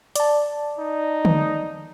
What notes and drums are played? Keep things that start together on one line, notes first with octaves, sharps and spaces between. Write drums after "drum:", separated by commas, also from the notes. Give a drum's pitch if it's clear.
D5 A5, drum: hi-hat
D#4
drum: tom D3